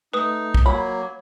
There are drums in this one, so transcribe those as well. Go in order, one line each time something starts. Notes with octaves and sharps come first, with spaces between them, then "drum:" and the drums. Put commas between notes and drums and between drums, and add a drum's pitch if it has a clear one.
A3 D#4 B4 D#6
drum: kick
F#3 A#3 C#5 B5